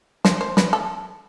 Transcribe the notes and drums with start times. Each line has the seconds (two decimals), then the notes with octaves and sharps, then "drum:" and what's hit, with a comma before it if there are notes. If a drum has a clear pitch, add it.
0.25 C5, drum: snare
0.41 C5
0.57 B4, drum: snare
0.73 A4